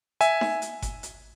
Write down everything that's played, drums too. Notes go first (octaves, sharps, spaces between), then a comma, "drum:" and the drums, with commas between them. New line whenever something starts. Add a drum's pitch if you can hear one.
E5 G#5, drum: hi-hat
drum: snare D#4
drum: hi-hat
drum: kick G1, hi-hat
drum: hi-hat